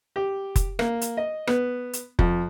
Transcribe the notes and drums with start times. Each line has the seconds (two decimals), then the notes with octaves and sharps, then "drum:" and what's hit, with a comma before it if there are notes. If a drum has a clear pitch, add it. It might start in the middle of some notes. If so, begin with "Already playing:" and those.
0.16 G4
0.56 drum: kick F1, hi-hat
0.79 A#3, drum: rim click
1.01 drum: hi-hat
1.17 D#5
1.47 B3, drum: rim click
1.93 drum: hi-hat
2.19 F2, drum: kick F1